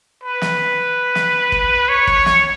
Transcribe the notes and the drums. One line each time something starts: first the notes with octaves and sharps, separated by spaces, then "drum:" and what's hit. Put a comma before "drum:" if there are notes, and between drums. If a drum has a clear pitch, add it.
B4
drum: snare
drum: snare
drum: kick
C#5
drum: kick
drum: snare